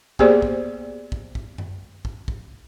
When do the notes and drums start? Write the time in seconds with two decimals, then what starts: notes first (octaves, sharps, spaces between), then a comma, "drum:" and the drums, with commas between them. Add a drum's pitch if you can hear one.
0.19 A#3 B3 G4 G#4 C5 D5, drum: kick
0.42 drum: kick
1.12 drum: kick
1.35 drum: kick
1.58 drum: tom F#2
2.05 drum: kick
2.28 drum: kick